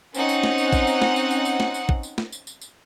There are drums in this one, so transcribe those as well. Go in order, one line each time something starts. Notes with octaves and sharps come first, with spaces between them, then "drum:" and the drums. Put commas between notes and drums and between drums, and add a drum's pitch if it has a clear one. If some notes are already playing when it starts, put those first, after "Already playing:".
C4 C#4 D#4 F#5, drum: tambourine
drum: tambourine
drum: snare
drum: tambourine
drum: kick, tambourine
drum: tambourine
drum: snare
drum: tambourine
drum: tambourine
drum: tambourine
drum: snare
drum: tambourine
drum: kick
drum: tambourine
drum: snare
drum: tambourine
drum: tambourine
drum: tambourine